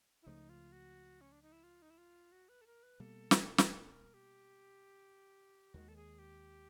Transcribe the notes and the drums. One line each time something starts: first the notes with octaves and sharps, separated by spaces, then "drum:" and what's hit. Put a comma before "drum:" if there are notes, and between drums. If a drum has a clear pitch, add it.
E4
C#2 C#3 F3 A3 D#4
F4
F#4
C#4
D4
D#4
E4
F4
D#4
E4
F4
F#4
B4
A4
A#4
B4
B2 G3 A#3 A4
drum: snare
drum: snare
B4
A4
A#4
G4
D#2 D#3 G#3 F#4
A4
G#4
G4